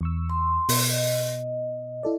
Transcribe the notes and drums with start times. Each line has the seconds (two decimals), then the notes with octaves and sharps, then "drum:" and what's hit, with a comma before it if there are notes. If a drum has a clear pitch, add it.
0.01 E2 C#6 E6
0.30 C6
0.69 B2, drum: open hi-hat
0.90 D#5
2.03 E4 A4 D5